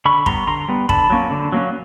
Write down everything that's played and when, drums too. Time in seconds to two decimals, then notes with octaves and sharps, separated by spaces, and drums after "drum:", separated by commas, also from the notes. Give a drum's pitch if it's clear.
0.05 D3 B5 C#6
0.26 G3 B3 A#5 C6, drum: kick
0.47 D3 A#5 C6
0.68 G3 B3
0.89 D3 A5 B5, drum: kick
1.10 F#3 A#3 C#4
1.31 D3
1.53 F#3 A#3 C#4